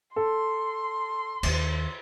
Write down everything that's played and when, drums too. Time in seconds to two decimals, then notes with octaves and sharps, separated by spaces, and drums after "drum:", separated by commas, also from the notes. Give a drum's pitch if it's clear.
0.16 A4 C6
1.43 D#2 D#3, drum: cymbal